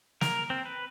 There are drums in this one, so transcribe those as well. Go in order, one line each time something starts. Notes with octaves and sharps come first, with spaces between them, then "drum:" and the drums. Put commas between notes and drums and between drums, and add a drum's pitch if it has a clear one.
A#4, drum: snare
C4
B4